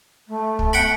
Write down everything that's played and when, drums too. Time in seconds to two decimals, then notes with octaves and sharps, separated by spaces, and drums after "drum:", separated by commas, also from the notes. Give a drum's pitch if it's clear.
0.27 A3
0.59 drum: kick
0.73 F#5 G5 B5